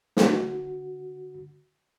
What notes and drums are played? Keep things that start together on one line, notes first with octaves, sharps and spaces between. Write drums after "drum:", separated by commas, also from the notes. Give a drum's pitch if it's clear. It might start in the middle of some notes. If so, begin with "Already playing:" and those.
D3 F#4, drum: snare